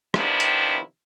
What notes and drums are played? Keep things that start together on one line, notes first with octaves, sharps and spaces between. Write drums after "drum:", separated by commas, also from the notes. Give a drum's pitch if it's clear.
C3 D#3 F3 B3 D4 E4, drum: rim click
drum: hi-hat